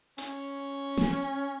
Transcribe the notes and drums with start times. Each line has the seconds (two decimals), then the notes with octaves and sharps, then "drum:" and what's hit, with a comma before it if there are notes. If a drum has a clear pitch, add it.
0.18 C#4, drum: hi-hat
0.97 drum: snare